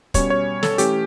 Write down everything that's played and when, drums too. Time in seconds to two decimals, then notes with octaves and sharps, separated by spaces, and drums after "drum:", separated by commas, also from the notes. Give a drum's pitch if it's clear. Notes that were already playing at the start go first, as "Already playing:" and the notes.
0.14 B2 G3 C#4 C#5, drum: kick, hi-hat
0.30 C#5
0.63 A4, drum: snare
0.78 E3 A3 C#4 G4, drum: hi-hat